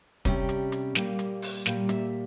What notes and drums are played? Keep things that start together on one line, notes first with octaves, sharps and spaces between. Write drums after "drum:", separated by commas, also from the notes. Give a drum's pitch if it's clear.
C3 G3 C#4 G5, drum: kick, hi-hat
drum: hi-hat
drum: hi-hat
A#2 G3 A#3, drum: snare
drum: hi-hat
drum: open hi-hat
A#2 G3 A#3, drum: snare
E5, drum: hi-hat